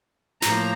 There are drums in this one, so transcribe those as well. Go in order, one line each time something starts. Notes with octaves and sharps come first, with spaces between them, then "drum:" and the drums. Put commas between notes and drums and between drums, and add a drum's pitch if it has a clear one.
A2 F3 A#3 A#5, drum: snare